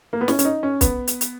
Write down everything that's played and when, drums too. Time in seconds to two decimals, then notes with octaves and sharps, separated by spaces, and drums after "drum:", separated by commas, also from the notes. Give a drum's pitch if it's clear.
0.13 A#3
0.21 B3
0.28 C#4, drum: snare
0.39 C#4, drum: hi-hat
0.45 D#4
0.63 C#4
0.81 B3, drum: kick B1, hi-hat
1.07 drum: hi-hat
1.21 drum: hi-hat